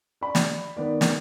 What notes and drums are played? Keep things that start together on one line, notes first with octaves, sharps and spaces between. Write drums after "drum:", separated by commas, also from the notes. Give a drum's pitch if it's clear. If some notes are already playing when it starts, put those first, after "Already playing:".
D5 B5
drum: snare
D#3 B3 D5
drum: snare